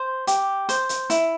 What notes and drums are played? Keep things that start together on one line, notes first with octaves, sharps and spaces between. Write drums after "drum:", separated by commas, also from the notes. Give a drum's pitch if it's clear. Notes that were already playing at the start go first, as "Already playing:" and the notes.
Already playing: C5
G4, drum: hi-hat
C5, drum: hi-hat
drum: hi-hat
E4, drum: hi-hat